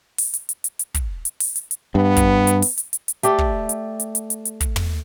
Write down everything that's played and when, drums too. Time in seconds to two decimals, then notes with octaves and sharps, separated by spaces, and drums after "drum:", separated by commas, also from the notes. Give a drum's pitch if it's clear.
0.18 drum: open hi-hat
0.34 drum: hi-hat
0.49 drum: hi-hat
0.64 drum: hi-hat
0.79 drum: hi-hat
0.95 drum: kick, hi-hat
1.25 drum: hi-hat
1.40 drum: open hi-hat
1.56 drum: hi-hat
1.71 drum: hi-hat
1.95 G2 B3
2.17 drum: kick, hi-hat
2.47 drum: hi-hat
2.62 drum: open hi-hat
2.78 drum: hi-hat
2.93 drum: hi-hat
3.08 drum: hi-hat
3.23 A3 G4 D5, drum: hi-hat
3.39 drum: kick
3.69 drum: hi-hat
4.00 drum: hi-hat
4.15 drum: hi-hat
4.30 drum: hi-hat
4.45 drum: hi-hat
4.61 drum: kick, hi-hat
4.76 drum: tom